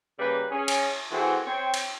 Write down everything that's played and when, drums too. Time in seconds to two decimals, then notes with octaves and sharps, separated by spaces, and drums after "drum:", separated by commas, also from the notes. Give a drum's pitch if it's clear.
0.18 C#3 G3 A#3 B4
0.50 C#4 G#4
0.68 drum: cymbal
1.10 E3 A3 C4 F#4 G#4
1.46 C4 C#5 G5
1.74 drum: cymbal